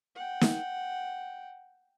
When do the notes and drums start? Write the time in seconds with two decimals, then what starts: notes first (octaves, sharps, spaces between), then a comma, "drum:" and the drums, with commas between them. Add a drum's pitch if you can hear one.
0.16 F#5 G5
0.41 drum: snare